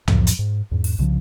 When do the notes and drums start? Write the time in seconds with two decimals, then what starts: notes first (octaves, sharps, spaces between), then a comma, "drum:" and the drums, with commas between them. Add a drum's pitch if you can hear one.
0.08 F2 A2 F3 F#3, drum: tom C2
0.27 drum: hi-hat
0.39 G#2
0.71 E2 G#2
0.84 drum: open hi-hat
0.99 C2 C#3 F3